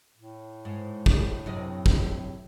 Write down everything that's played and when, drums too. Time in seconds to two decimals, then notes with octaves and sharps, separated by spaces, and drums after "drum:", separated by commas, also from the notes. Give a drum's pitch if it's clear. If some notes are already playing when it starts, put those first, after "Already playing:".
0.17 A2
0.65 G#2
1.06 drum: kick
1.46 F#2 C3 D#5
1.86 drum: kick